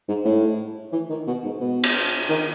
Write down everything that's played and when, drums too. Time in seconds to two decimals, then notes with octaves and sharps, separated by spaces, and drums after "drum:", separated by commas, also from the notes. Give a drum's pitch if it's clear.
0.08 G#2
0.25 A2
0.92 E3
1.09 D#3
1.27 B2
1.44 G#2
1.60 B2
1.84 drum: cymbal
2.29 D#3